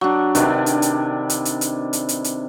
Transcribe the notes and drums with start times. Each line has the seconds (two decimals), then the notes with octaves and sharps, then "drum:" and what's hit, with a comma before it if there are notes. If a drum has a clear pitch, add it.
0.01 F#3 D4
0.35 C3 D#3 D4 B4, drum: hi-hat
0.66 drum: hi-hat
0.82 drum: hi-hat
1.30 drum: hi-hat
1.45 drum: hi-hat
1.61 drum: hi-hat
1.93 drum: hi-hat
2.09 drum: hi-hat
2.24 drum: hi-hat